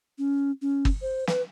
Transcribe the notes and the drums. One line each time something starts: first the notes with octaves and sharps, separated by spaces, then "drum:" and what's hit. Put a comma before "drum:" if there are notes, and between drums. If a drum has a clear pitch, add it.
C#4
C#4
drum: kick G1
C5
B4, drum: snare